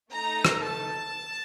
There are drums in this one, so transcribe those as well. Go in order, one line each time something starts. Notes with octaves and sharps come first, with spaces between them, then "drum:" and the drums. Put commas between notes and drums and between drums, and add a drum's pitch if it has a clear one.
A3 D#4 A4 A#5
drum: rim click
A5